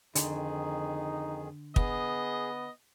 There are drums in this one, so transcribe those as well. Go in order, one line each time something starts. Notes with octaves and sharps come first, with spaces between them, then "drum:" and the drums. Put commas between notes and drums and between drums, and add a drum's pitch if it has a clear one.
F2 D3 D#3 D#4 G#4, drum: hi-hat
B3 G#4 D#5, drum: kick